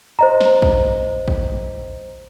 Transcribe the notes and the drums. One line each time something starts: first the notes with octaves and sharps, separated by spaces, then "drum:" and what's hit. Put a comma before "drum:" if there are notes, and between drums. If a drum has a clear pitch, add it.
C5 D#5 A#5
drum: snare
drum: kick
drum: kick